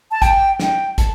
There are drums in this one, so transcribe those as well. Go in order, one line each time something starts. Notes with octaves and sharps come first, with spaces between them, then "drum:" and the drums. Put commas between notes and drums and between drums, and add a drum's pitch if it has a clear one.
A5
G5, drum: kick, hi-hat
G5, drum: snare
A5, drum: kick, hi-hat